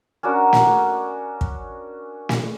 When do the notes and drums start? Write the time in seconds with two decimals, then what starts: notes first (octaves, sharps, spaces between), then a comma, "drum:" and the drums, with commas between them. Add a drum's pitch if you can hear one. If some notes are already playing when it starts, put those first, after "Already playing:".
0.23 C#4 D4 F#4 A#4
0.53 drum: snare
1.41 drum: kick
2.29 drum: snare